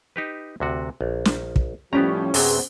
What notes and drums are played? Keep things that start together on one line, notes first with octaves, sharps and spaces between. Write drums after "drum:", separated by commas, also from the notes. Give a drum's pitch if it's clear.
D#4 G4 B4
D2 C3 F#4
A#1
drum: snare
drum: kick
A2 F3 G3 B3 C#4 G4 A#5
F#2 C3 F#3 B3 G#4 C5, drum: open hi-hat